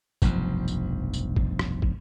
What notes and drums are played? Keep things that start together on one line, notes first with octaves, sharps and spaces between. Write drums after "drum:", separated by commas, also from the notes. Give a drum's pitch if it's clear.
F1 B1 G2 F3, drum: kick, tambourine
drum: tambourine
drum: tambourine
drum: kick
drum: rim click
drum: kick